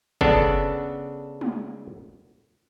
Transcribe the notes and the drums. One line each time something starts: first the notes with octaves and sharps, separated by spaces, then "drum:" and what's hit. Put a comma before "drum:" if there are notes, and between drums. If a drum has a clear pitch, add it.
C#3 B3 D4 A4, drum: kick
drum: tom